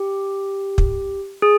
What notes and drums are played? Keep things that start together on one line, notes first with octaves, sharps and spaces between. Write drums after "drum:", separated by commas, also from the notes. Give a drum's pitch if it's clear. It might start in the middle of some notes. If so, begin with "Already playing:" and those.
Already playing: G4
drum: kick
G#4